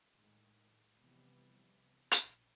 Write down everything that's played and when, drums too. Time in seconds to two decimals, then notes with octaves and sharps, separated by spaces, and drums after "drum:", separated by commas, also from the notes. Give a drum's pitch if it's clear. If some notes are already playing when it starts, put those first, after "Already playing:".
0.14 A2 D#3 G#3
1.00 C3 E3 F3 G3 B3
2.11 A#1 A#2, drum: hi-hat